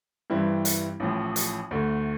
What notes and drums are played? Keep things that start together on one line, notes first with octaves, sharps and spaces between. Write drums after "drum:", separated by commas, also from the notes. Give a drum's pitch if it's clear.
G2 E3 G3 C4 E4
drum: hi-hat
A1 A2 F3
drum: hi-hat
D2 D3 A3